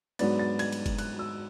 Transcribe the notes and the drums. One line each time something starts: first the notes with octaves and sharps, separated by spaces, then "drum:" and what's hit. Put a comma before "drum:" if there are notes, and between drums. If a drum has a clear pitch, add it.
G#2 F#3 B3 D4 A6, drum: cymbal
A6
G#6, drum: cymbal
drum: cymbal
drum: kick, cymbal
F#6, drum: cymbal
E6